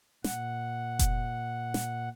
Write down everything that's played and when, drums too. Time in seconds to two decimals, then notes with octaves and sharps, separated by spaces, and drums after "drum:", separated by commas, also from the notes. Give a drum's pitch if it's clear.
0.24 A#2 F#5, drum: snare
0.99 drum: kick F1, hi-hat
1.74 drum: snare